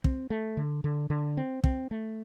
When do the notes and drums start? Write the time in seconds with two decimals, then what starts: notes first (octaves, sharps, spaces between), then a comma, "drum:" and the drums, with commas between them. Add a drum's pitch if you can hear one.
0.04 C4, drum: kick
0.30 A3
0.57 D3
0.84 D3
1.10 D3
1.37 C4
1.64 C4, drum: kick
1.91 A3